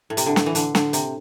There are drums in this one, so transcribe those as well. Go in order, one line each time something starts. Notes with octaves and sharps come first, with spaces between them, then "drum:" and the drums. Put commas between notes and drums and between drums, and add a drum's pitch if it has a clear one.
A2
C3, drum: hi-hat
D3
drum: snare
E3
D3, drum: hi-hat
D3, drum: snare
C3, drum: hi-hat